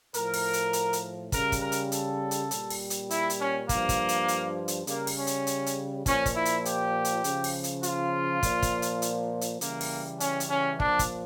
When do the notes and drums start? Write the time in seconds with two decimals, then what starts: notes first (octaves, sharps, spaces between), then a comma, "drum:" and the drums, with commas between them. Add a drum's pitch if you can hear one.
0.14 A2 F3 A#4, drum: hi-hat
0.34 drum: open hi-hat
0.53 drum: hi-hat
0.73 drum: hi-hat
0.93 drum: hi-hat
1.32 C#3 G3 A#4, drum: kick, hi-hat
1.52 drum: kick, hi-hat
1.61 A#4
1.72 drum: hi-hat
1.92 A4, drum: hi-hat
2.31 drum: hi-hat
2.51 A#2 G3, drum: hi-hat
2.70 drum: open hi-hat
2.90 drum: hi-hat
3.10 E4, drum: hi-hat
3.30 drum: hi-hat
3.40 C#4
3.69 G2 F3 A#3, drum: kick, hi-hat
3.89 drum: kick, hi-hat
4.09 drum: hi-hat
4.28 drum: hi-hat
4.68 drum: hi-hat
4.87 C#3 G3 A#3, drum: hi-hat
5.07 drum: open hi-hat
5.18 C#4
5.27 drum: hi-hat
5.47 drum: hi-hat
5.66 drum: hi-hat
6.06 A#2 F3 C#4, drum: kick, hi-hat
6.26 drum: kick, hi-hat
6.36 E4
6.45 drum: hi-hat
6.65 G4, drum: hi-hat
7.05 drum: hi-hat
7.24 C#3 F3, drum: hi-hat
7.44 drum: open hi-hat
7.64 drum: hi-hat
7.83 F4, drum: hi-hat
8.43 A#2 F3, drum: kick, hi-hat
8.62 drum: kick, hi-hat
8.82 drum: hi-hat
9.02 drum: hi-hat
9.41 drum: hi-hat
9.61 C#3 E3 G3 A#3, drum: hi-hat
9.81 drum: open hi-hat
10.20 C#4, drum: hi-hat
10.40 drum: hi-hat
10.50 C#4
10.80 A#2 F3 D4, drum: kick
10.99 drum: kick, hi-hat